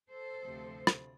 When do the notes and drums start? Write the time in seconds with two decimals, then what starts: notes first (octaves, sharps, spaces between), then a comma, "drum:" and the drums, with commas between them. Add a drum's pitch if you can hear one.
0.09 A4 C5
0.43 D2 C3 F3 A3
0.87 drum: rim click